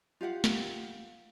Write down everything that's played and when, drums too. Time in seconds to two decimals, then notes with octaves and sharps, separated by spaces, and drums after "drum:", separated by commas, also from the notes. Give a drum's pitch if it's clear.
0.21 F4 G4 F5 F#5
0.44 drum: snare